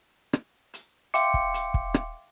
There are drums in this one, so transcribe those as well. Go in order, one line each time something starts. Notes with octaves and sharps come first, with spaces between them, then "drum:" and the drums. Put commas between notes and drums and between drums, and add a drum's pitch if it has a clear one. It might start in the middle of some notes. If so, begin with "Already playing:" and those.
drum: rim click
drum: hi-hat
E5 F5 G5 C6 D6 C#7, drum: hi-hat
drum: kick
drum: hi-hat
drum: kick
drum: rim click